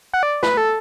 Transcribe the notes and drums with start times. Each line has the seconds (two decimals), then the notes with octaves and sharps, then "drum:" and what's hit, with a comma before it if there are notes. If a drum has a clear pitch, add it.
0.13 F#5
0.23 D5
0.43 B4, drum: snare
0.57 A4